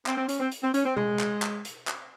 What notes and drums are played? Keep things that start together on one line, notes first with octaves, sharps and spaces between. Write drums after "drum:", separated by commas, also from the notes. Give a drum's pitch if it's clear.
C4, drum: clap
C4
C#4, drum: hi-hat
C4
drum: hi-hat
C4
C#4, drum: hi-hat
C4
G#3, drum: tom B2
drum: clap
drum: clap
drum: hi-hat
drum: clap